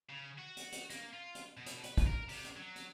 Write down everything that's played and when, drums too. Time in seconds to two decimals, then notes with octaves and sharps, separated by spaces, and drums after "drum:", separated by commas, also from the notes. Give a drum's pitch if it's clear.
0.09 C#3
0.38 F#4
0.57 drum: hi-hat
0.72 drum: hi-hat
0.90 A#3, drum: hi-hat
1.13 F4
1.35 drum: hi-hat
1.57 B2
1.66 drum: hi-hat
1.84 B4, drum: hi-hat
1.98 drum: kick, hi-hat
2.07 A#4
2.29 C3, drum: open hi-hat
2.44 drum: hi-hat
2.56 F#3
2.76 drum: hi-hat